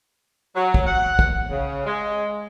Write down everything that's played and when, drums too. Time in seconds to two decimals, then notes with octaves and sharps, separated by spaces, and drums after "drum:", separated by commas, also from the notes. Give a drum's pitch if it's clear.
0.55 F#3
0.74 drum: kick
0.86 F#5
1.19 drum: kick
1.50 C#3
1.85 G#3